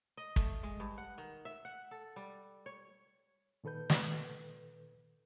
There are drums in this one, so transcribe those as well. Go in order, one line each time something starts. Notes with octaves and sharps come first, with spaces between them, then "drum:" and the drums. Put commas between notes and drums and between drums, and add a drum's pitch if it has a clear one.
D#5
A3, drum: kick
G#3
G2
F#5
D#3
E5
F#5
A4
G3
C#5
A#2 D#3 A4 B4 G6
drum: snare